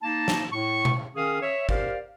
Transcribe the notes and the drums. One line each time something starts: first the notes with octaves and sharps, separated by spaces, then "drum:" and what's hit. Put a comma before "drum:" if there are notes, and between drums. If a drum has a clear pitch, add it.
A#3 D#4 A5
drum: snare
A2 C#6
drum: tom B2
D#3 C#4 G#4 F5 D#6
C#5 E5
G4 A#4 C5 D5 F5, drum: kick G#1